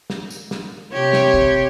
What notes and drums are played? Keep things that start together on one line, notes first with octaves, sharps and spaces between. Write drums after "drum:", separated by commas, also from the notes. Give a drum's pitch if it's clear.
drum: snare
drum: tambourine
drum: snare
C3 G4 C#5
drum: snare
drum: kick